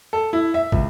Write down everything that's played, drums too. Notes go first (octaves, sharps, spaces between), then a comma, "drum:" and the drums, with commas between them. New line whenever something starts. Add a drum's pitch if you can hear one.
A4
E4
E5
C#2, drum: kick